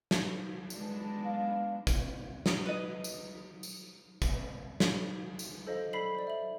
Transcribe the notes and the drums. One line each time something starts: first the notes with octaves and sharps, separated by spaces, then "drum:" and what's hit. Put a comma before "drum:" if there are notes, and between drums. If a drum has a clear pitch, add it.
drum: snare
G#3 B3 D4, drum: tambourine
F5
drum: kick, tambourine
drum: snare
B4 D#5
drum: tambourine
drum: tambourine
drum: kick, tambourine
drum: snare
drum: tambourine
A4 C5 D#5 F5
A4 D5 B5 B6 C7 F#7
C5 D5
E5 F#7